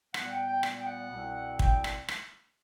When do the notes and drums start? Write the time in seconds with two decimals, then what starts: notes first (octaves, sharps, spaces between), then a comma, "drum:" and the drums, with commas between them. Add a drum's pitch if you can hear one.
0.14 A#2 G3 B3 F#5, drum: rim click
0.30 G5
0.47 G5
0.63 drum: rim click
0.79 G5
0.87 F#5
1.12 C2 B2 G3 C4
1.59 G5, drum: kick
1.84 drum: rim click
2.08 drum: rim click